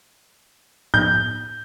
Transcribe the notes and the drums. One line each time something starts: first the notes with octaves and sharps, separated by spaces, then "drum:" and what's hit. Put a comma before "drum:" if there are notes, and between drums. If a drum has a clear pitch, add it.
G6, drum: tom A2